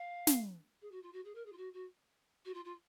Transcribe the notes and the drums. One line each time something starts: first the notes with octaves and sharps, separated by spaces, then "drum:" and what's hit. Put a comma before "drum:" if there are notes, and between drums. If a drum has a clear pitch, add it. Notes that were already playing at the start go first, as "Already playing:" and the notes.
Already playing: F5
drum: snare
G#4
F#4
F4
F#4
G#4
A#4
G#4
F4
F#4
F#4
F#4
F4
F4